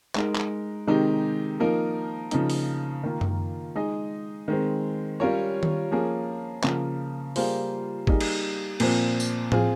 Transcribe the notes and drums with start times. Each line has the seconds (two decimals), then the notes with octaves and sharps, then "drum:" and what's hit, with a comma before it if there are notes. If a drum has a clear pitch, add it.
0.16 G#3 D#4 A#4, drum: clap
0.35 drum: clap
0.87 C3 D#3 G#3 D#4 G4
1.60 F3 A#3 D#4 A#4
2.31 C#3 F3 A#3 D#4, drum: hi-hat
2.50 drum: open hi-hat
3.03 D#3 A#3 F4
3.21 drum: tom F#2
3.75 G#3 D#4 G#4 D#5
4.48 D#3 G#3 C4
5.20 G3 C#4 F4 A#4 C#5
5.63 drum: tom D#3
5.91 F3 A#3 C#4 G#4
6.64 C#3 F3 A#3, drum: clap
7.36 G3 A#3 F4 G#4 C5, drum: open hi-hat
8.07 G3 A#3 D#4 G#4, drum: kick
8.21 drum: cymbal
8.80 A#2 F3 C4, drum: cymbal
9.20 drum: tambourine
9.52 C4 F4 G#4, drum: tom A2